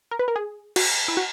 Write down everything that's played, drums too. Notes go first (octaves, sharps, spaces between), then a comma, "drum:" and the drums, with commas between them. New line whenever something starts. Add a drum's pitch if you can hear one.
A#4
B4
A#4
G#4
F#4, drum: cymbal
E4
F#4